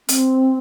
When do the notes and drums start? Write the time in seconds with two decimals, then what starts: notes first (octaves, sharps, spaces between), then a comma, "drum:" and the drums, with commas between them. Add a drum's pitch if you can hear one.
0.09 C4, drum: hi-hat